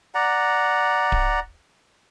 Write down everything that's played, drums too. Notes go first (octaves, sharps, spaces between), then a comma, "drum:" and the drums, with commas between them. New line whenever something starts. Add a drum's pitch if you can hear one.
D5 F#5 A#5
drum: kick D1